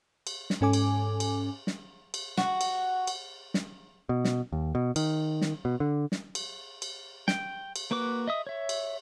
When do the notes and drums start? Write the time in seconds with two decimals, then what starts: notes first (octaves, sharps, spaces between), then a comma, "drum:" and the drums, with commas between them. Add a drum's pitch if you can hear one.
0.27 drum: cymbal
0.50 drum: snare
0.61 G#2 C#4 A4 G#5 D6
0.73 drum: cymbal
1.20 drum: cymbal
1.67 drum: snare
2.14 drum: cymbal
2.37 F#4, drum: snare
2.61 drum: cymbal
3.07 drum: cymbal
3.54 drum: snare
4.09 B2
4.24 drum: snare
4.52 D#2
4.75 B2
4.96 D#3, drum: cymbal
5.42 drum: snare
5.65 B2
5.80 D3
6.12 drum: snare
6.35 drum: cymbal
6.82 drum: cymbal
7.28 G5, drum: snare
7.76 drum: cymbal
7.91 A#3 F#4 B4 D6
8.27 D#5 E5 D#6
8.47 C#5 E5
8.69 drum: cymbal